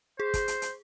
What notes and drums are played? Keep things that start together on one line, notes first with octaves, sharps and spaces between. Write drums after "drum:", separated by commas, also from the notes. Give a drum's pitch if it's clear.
G#4 C5
drum: kick, hi-hat
drum: hi-hat
drum: hi-hat